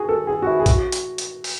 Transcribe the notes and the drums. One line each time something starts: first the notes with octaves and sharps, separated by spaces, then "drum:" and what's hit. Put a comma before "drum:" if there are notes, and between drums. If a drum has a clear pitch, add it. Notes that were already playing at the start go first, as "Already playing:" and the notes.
Already playing: F#4 G#4
A4
G#4
F#4
E4
G#4
F#4, drum: kick, hi-hat
drum: hi-hat
drum: hi-hat
drum: open hi-hat